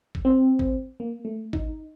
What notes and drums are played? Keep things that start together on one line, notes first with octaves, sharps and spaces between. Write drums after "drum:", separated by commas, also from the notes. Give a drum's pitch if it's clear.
drum: kick
C4
drum: kick
A#3
A3
D#4, drum: kick